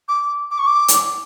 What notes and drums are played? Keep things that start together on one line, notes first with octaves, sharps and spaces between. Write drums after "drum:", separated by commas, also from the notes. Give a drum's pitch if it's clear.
D6
D6
C#6
D6
drum: hi-hat